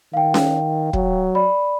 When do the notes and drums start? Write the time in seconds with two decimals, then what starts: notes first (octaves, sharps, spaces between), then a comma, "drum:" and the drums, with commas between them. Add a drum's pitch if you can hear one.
0.13 D#3 F5 G5
0.34 drum: snare C#4
0.93 F#3, drum: kick
1.35 D5 B5